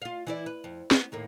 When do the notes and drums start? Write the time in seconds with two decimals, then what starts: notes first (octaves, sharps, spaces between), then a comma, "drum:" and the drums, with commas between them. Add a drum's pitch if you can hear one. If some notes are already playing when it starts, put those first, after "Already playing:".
0.02 F4 F5
0.27 E3 E4 D5
0.46 B4
0.64 F2
0.91 B3, drum: snare
1.12 D#2 A2 A#3